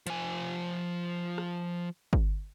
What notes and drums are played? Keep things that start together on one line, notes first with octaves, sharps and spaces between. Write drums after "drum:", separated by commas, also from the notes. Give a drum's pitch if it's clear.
F3 G#5, drum: hi-hat
drum: rim click
drum: kick